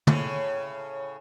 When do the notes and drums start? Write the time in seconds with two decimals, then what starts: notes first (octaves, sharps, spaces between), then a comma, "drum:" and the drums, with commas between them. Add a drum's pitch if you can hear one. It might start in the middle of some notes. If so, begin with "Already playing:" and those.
0.07 A2 C#3 C#4, drum: tom